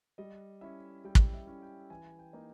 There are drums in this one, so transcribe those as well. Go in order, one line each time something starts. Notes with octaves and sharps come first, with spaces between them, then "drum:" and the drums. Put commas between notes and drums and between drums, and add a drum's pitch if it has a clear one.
G3 D#5
C#4 E4 E5
G3 G5
drum: kick
E5
C#4 E4
G5
E3 G#5
G5
A#3 D#4